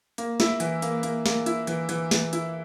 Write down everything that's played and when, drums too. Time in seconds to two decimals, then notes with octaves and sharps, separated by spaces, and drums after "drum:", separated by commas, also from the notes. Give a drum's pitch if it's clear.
0.18 A#3, drum: hi-hat
0.40 E4, drum: snare
0.60 E3, drum: hi-hat
0.82 A#3, drum: hi-hat
1.03 A#3, drum: hi-hat
1.26 A#3, drum: snare
1.46 E4, drum: hi-hat
1.67 E3, drum: hi-hat
1.89 E3, drum: hi-hat
2.11 E3, drum: snare
2.33 E4, drum: hi-hat